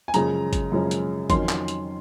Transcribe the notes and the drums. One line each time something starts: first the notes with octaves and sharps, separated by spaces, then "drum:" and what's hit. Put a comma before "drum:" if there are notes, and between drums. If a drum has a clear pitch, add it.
G#5
F#2 C#3 F3 G#3 C#4 A#5, drum: hi-hat
drum: kick, hi-hat
F#2 C#3 F3 G#3 C#4
drum: hi-hat
F2 D#3 F#3 C#4 C6, drum: kick, hi-hat
drum: clap
drum: hi-hat